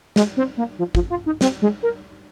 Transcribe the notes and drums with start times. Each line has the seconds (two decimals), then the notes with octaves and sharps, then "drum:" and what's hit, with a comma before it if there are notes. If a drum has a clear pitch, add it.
0.16 G#3, drum: snare
0.37 C4
0.57 A#3
0.78 F3
0.95 F3, drum: kick
1.10 F4
1.26 D#4
1.41 C4, drum: snare
1.62 G#3
1.83 A#4